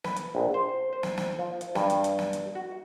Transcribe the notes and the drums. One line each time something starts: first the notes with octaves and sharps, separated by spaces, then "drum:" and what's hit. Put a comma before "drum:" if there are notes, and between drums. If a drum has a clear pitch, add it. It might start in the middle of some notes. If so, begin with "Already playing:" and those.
B4, drum: snare
drum: hi-hat
A#1
C5
C5
drum: snare
drum: snare
F3
drum: hi-hat
G2, drum: snare
drum: hi-hat
drum: hi-hat
drum: snare
drum: hi-hat
F#4